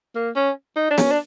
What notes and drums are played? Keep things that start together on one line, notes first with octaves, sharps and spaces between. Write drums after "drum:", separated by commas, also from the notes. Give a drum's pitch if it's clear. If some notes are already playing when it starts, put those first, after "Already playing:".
A#3
C#4
D#4
D4
C#4, drum: snare
D4